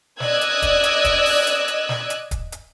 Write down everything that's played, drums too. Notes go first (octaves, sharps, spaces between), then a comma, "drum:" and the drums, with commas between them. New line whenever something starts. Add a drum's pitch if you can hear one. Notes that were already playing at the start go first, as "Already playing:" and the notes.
D5 D#5 E6 F#6 G#6, drum: snare
drum: hi-hat
drum: kick, hi-hat
drum: hi-hat
drum: kick, hi-hat
drum: open hi-hat
drum: hi-hat
drum: hi-hat
drum: snare
drum: hi-hat
drum: kick, hi-hat
drum: hi-hat